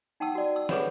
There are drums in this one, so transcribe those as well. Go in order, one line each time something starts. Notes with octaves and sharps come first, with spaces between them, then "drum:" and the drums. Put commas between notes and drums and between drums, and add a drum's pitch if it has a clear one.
D#4 F#5 G5 A5 E6
F#4 D5
E6
G#4 A4 B4 C#5 F#5 B5, drum: snare